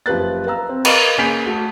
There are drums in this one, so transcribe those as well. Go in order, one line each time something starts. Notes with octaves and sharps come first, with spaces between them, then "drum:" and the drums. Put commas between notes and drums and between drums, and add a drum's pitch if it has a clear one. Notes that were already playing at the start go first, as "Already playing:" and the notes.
F#1 F3 G4 B4 F#6 A6
B4 F5 A#5 E6
C4
A#4 B4 D#5 F5 A#5 B5, drum: cymbal
C#3 A#3 G#5 G6 B6 D7
A3 F#4